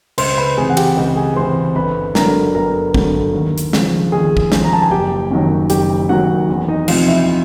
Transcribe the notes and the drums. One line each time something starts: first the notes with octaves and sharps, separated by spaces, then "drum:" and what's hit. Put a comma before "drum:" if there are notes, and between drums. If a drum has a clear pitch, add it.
C#2 C5 C6, drum: cymbal
B4 B5
C3 E3 G#4 G#5
F#5
G4 G5, drum: cymbal
C#2 G4 G5
G#4 G#5
C3 E3 C5 C6
G1 B4 B5
G2 D3 F#3 A#4 A#5, drum: snare
G1 A#4 A#5
G2 D3 F#3, drum: kick
D#2
drum: hi-hat
C#3 F3, drum: snare
D#2 G#4 G#5
drum: kick
C#3 F3, drum: snare
A#5
A5
G#5
F#1 G4 G5
F#2 D#3 F#3
F#1 G4 G5, drum: hi-hat
F#2 D#3 F#3 F#4 F#5
E2
D#4 D#5
C3 F3 F4 F5, drum: cymbal
E4 E5